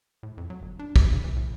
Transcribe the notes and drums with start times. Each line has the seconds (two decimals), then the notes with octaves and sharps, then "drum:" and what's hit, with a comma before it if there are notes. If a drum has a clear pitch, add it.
0.23 A2
0.38 F2
0.50 F#3
0.62 G1
0.79 D4
0.96 B2, drum: kick
1.13 C#3
1.24 E3
1.36 A2